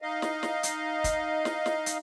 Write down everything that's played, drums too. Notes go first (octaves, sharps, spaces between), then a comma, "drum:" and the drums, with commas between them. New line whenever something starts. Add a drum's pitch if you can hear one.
D#4 D#5 F5
drum: snare
drum: snare
drum: hi-hat
drum: kick, hi-hat
drum: snare
drum: snare
drum: hi-hat